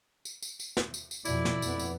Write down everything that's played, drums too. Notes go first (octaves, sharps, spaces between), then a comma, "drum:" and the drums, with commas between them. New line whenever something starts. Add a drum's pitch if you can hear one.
drum: tambourine
drum: tambourine
drum: tambourine
drum: snare
drum: tambourine
drum: tambourine
F2 B2 E4 D5, drum: tambourine
drum: snare
F2 B3, drum: tambourine
drum: tambourine